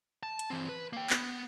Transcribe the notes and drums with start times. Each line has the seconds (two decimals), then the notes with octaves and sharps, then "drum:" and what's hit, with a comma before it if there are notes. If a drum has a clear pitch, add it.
0.23 A5
0.39 drum: hi-hat
0.50 E3 C4
0.69 B4
0.93 A#3 G5
1.10 B3, drum: clap